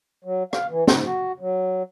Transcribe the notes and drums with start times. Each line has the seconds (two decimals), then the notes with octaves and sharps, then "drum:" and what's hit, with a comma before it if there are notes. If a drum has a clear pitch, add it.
0.24 F#3
0.53 F5, drum: rim click
0.70 E3
0.87 G#2, drum: snare
1.05 F#4
1.40 F#3